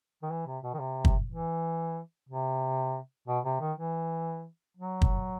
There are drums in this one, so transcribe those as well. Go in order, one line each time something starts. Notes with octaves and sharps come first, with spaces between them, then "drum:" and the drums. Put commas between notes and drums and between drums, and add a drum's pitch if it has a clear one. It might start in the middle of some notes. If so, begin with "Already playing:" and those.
D#3
E3
C3
B2
D#3
C3
drum: kick
E3
C3
B2
C3
D#3
E3
F#3
drum: kick